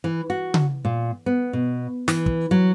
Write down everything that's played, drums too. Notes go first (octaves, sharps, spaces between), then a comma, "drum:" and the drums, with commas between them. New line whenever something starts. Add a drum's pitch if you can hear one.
E3
F#4
drum: tom C#3
A#2
B3
B2
E3, drum: snare
drum: kick
F#3